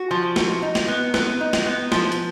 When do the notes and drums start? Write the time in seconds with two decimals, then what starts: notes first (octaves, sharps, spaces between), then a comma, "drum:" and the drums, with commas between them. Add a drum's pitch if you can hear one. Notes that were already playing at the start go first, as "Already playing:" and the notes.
Already playing: F#4
0.11 F3
0.36 F#4, drum: snare
0.62 D#4
0.75 drum: snare
0.88 B3
1.14 B3, drum: snare
1.41 D#4
1.53 drum: snare
1.66 B3
1.92 F3, drum: snare
2.12 drum: hi-hat